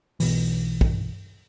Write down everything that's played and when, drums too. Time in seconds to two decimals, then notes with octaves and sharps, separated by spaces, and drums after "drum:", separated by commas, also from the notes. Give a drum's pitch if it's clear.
0.20 B1 B2 E3, drum: open hi-hat
0.81 drum: kick